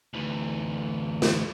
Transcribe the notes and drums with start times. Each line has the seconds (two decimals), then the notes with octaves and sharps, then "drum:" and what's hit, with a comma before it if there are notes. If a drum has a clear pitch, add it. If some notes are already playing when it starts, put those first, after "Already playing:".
0.14 D2 E3
1.22 drum: snare